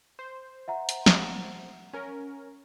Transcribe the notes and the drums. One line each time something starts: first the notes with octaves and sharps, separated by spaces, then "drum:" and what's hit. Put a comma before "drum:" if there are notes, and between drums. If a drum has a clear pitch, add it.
C5
E5 F#5 A#5
drum: hi-hat
drum: snare
C#4 A#4